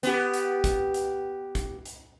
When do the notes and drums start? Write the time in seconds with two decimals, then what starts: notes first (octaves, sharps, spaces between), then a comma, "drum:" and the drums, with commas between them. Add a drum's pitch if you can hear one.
0.03 B3 G4, drum: hi-hat
0.34 drum: hi-hat
0.64 drum: kick, hi-hat
0.94 drum: hi-hat
1.55 drum: kick, hi-hat
1.85 drum: hi-hat